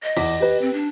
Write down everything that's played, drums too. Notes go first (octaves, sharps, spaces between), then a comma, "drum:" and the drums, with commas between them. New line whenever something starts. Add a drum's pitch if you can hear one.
D#5
E2 D6 B6, drum: cymbal
G4 B4
C4
D4